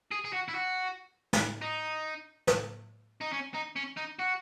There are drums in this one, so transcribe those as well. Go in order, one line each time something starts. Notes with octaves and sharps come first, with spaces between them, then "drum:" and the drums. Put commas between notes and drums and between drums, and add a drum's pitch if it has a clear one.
G#4
G#4
F#4
E4
F#4
drum: snare
D#4
drum: snare
D#4
C#4
D#4
C#4
D#4
F#4